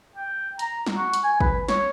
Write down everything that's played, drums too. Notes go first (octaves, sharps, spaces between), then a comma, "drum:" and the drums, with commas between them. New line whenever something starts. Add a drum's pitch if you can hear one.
G5
A#5, drum: hi-hat
drum: snare
F#4
drum: hi-hat
G#5
B4, drum: kick
C#5, drum: snare